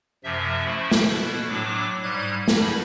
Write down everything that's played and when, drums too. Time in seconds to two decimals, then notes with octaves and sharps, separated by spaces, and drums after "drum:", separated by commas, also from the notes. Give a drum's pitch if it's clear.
0.24 F#2 C3 F3 E5
0.65 F3 A3 E4
0.91 drum: snare
1.10 B2 E4
1.48 A2 F#3 D4 D6
2.03 G#2 G3 F#6 G#6
2.48 G2 B5, drum: snare